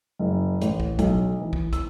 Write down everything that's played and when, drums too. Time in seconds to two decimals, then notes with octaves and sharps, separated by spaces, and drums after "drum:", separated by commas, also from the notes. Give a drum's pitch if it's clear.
0.19 F#1
0.61 A1, drum: hi-hat
0.80 drum: kick
0.99 B1, drum: kick, hi-hat
1.41 E3
1.53 drum: kick
1.73 E6, drum: kick, hi-hat